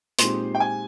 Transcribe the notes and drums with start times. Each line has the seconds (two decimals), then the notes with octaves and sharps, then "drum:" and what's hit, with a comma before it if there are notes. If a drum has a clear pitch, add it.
0.19 A#2 G#3 C4 D#4 G4 C6, drum: hi-hat
0.55 G5
0.60 G#5